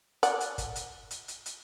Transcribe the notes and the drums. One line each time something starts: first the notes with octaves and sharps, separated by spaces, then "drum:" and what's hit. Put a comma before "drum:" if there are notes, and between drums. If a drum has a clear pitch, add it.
D5 F#5, drum: hi-hat
drum: hi-hat
drum: kick G1, hi-hat
drum: hi-hat
drum: hi-hat
drum: hi-hat
drum: hi-hat